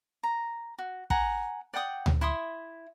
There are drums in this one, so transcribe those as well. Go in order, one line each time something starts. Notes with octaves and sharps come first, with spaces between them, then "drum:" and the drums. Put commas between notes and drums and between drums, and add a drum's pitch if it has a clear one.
A#5
F#4
F#5 G#5 A#5, drum: kick
D5 F#5 G5 D#6
drum: tom D2
E4 E5 C6 D#6